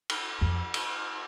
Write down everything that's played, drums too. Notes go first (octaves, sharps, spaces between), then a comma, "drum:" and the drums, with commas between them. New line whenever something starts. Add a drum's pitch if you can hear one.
drum: cymbal
F2
drum: cymbal